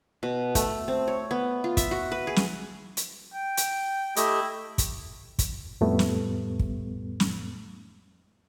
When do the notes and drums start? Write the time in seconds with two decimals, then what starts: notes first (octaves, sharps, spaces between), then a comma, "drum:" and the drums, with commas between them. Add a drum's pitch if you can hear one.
0.23 B2
0.55 A3, drum: kick, hi-hat
0.88 C4
1.08 C#5
1.31 B3
1.64 F4
1.77 E5, drum: kick, hi-hat
1.91 F#4
2.12 B4
2.27 G#4
2.36 drum: snare
2.97 drum: hi-hat
3.34 G5
3.57 drum: hi-hat
4.16 A3 E4 G4 D#5, drum: hi-hat
4.78 drum: kick, hi-hat
5.39 drum: kick, hi-hat
5.81 F2 A2 G3 A3 B3
5.99 drum: snare
6.59 drum: kick
7.20 drum: snare